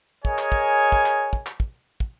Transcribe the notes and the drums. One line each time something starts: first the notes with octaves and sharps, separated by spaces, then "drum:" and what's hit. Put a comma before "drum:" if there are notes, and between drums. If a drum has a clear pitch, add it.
G#4 A#4 C#5 D#5 G#5, drum: kick
drum: clap
drum: kick
drum: kick
drum: clap
drum: kick
drum: clap
drum: kick
drum: kick